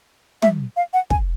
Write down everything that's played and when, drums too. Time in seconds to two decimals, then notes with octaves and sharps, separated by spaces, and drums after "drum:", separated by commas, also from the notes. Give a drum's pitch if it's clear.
0.42 E5, drum: tom
0.76 F5
0.93 F#5
1.10 G#5, drum: kick